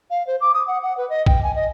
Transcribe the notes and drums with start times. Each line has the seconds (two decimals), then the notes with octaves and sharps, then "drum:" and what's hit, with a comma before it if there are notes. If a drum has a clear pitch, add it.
0.10 F5
0.27 C5
0.41 D6
0.54 D#6
0.67 F#5
0.83 F#5
0.97 B4
1.10 D#5
1.26 G5, drum: kick
1.43 G#5
1.56 D#5